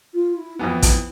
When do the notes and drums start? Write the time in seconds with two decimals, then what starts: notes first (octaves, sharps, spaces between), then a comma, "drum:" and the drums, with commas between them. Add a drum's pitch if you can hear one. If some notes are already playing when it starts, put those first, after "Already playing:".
0.14 F4
0.36 E4
0.59 F2 E3 B3 E4
0.82 drum: kick, hi-hat